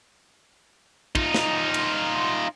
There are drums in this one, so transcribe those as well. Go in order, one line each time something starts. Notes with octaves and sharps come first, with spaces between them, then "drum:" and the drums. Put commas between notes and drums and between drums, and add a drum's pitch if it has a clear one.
D#4 F4, drum: kick
drum: snare
drum: cymbal